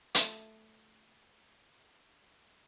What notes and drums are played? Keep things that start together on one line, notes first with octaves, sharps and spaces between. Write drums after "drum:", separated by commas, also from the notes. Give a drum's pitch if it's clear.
A3 F4, drum: hi-hat